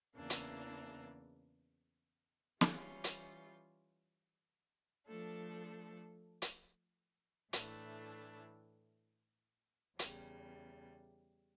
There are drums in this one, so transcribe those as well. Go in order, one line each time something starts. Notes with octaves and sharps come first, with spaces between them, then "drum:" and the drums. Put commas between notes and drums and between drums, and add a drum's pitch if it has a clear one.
E2 C#3 E3 A#3 D4
drum: hi-hat
E3 G3 C#4 F4, drum: snare
drum: hi-hat
F3 A3 D4 A4
drum: hi-hat
A2 E3 A3 D4, drum: hi-hat
E2 C#3 G3, drum: hi-hat